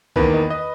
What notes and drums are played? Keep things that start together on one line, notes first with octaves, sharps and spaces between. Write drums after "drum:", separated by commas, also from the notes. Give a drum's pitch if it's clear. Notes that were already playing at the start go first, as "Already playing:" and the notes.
E2 D#3 A#3 B4, drum: kick B1
D#5
D#5